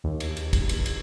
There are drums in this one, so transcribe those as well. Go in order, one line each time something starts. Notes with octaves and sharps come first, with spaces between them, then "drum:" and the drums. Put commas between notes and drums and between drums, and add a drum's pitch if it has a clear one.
D#2
drum: cymbal
drum: cymbal
drum: kick, cymbal
drum: cymbal
drum: cymbal